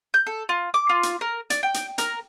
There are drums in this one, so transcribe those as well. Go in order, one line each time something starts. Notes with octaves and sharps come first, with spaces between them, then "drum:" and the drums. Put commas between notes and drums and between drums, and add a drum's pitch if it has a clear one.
G6
A4
F4
D6
F4
drum: hi-hat
A#4
D5, drum: hi-hat
G5
drum: hi-hat
A#4, drum: hi-hat